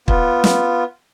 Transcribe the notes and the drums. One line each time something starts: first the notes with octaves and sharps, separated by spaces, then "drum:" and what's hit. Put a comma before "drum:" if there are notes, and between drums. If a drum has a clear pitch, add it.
B3 F4, drum: kick
drum: snare